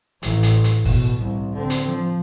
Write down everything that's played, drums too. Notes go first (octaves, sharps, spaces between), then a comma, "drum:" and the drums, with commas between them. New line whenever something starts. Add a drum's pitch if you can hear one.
A1, drum: hi-hat
drum: hi-hat
drum: hi-hat
B2, drum: kick, open hi-hat
C2
D3 C4
drum: hi-hat
F3